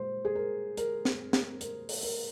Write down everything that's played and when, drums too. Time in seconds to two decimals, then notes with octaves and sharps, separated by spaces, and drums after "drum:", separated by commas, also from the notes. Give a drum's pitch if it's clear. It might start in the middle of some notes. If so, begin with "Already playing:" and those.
Already playing: A#2 G#3 C5
0.25 G#4
0.35 A#4
0.77 A#4, drum: hi-hat
1.05 drum: snare
1.33 drum: snare
1.61 A#4, drum: hi-hat
1.89 drum: open hi-hat
2.03 A#4